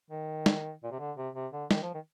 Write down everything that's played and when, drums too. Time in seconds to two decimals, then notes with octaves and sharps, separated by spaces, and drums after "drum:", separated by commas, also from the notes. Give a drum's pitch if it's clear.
0.10 D#3
0.46 drum: snare
0.83 A#2
0.91 C3
0.99 D3
1.17 C3
1.35 C3
1.53 D3
1.71 D#3, drum: snare
1.82 F3
1.94 D#3